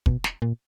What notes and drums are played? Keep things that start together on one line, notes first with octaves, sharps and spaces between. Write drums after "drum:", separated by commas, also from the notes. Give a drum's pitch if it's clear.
B2, drum: kick
drum: snare
A#2